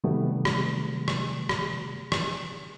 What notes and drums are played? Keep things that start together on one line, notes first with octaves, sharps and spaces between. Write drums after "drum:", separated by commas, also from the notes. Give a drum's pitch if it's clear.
C3 D#3 F#3 G3 A3 B3
drum: rim click
drum: rim click
drum: rim click
drum: rim click